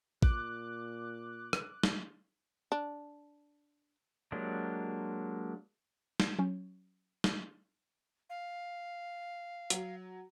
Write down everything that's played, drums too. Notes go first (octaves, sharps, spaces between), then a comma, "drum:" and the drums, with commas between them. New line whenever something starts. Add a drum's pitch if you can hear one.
A#2 D6 F#6, drum: kick
drum: rim click
drum: snare
D4
F#3 G#3 A#3 D4 G4
drum: snare
F#3 C#4 C#5
drum: snare
F5
F#3, drum: hi-hat